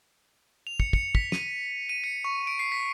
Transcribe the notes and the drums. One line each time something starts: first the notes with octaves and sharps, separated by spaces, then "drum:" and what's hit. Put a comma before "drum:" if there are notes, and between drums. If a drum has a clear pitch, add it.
F7
C#7, drum: kick
C#7, drum: kick
B6, drum: kick
D#7, drum: snare
D#7
C#7
C#6
D7
C7
B6